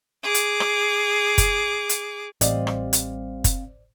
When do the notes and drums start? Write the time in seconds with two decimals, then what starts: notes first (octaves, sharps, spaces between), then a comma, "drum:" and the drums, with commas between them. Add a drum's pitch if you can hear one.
0.23 G#4 D6
0.34 drum: hi-hat
0.60 drum: rim click
1.38 drum: kick, hi-hat
1.89 drum: hi-hat
2.41 A1 G3 C4 C5 D5 D#5 F5, drum: hi-hat
2.67 drum: rim click
2.93 drum: hi-hat
3.44 drum: kick, hi-hat